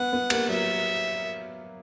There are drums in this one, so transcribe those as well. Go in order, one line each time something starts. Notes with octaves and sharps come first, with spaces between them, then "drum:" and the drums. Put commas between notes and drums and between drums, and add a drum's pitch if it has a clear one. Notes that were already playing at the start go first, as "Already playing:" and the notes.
Already playing: B3 F#5
B3
A#3, drum: cymbal
F#3 E5